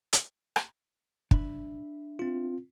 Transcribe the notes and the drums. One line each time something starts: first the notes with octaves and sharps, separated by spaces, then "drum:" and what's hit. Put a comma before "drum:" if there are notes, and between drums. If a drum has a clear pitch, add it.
drum: hi-hat
drum: rim click
D4 E5 B5, drum: kick
C4 F4